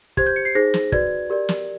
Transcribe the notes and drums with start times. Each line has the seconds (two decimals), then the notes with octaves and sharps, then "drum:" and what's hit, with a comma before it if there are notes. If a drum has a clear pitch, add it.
0.17 G4 C5 G#6, drum: kick
0.26 G6
0.36 C#7
0.45 C7
0.55 D#4 G#4 C5 A#6
0.74 drum: snare
0.92 F#4 B4 D5 G#6, drum: kick
1.30 G4 A#4 D5
1.49 drum: snare